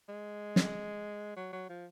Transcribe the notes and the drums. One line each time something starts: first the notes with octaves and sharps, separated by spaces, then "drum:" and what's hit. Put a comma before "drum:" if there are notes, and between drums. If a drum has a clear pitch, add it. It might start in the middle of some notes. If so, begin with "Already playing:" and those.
G#3
drum: snare
F#3
F#3
F3